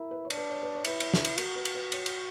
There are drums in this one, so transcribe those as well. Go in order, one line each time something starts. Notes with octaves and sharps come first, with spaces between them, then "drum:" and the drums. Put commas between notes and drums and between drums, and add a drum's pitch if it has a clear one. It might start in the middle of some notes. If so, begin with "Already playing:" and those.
Already playing: E4 A#4
B4
C#5
D4, drum: cymbal
B4
C#5
B4
C#5
E4 B4, drum: cymbal
C#5, drum: cymbal
B4, drum: snare
drum: cymbal
F#4 A#4, drum: cymbal
B4
drum: cymbal
B4
C#5, drum: cymbal
drum: cymbal